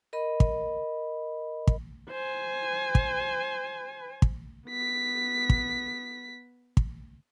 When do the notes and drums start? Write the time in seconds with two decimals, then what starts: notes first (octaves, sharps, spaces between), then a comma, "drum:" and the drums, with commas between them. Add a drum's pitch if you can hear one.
0.13 A#4 D#5 B5
0.40 drum: kick
1.67 drum: kick
2.10 C5 G#5
2.95 drum: kick
4.22 drum: kick
4.67 B3 B6
5.50 drum: kick
6.77 drum: kick